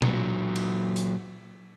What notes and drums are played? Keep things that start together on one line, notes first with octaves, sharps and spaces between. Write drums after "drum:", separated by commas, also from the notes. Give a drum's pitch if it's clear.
A#2 F#3, drum: tom B2
drum: cymbal
drum: hi-hat